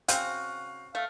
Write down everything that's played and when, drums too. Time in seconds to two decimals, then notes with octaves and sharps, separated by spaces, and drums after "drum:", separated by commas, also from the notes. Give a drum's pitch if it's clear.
0.08 C#3 C4 F#4 F5, drum: hi-hat
0.95 A3 F5